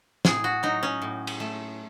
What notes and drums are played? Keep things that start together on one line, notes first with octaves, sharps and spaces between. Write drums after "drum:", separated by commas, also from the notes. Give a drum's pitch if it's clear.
A2 G#4, drum: snare
F#4
F#3 D#4
C#4
A2
drum: cymbal
A3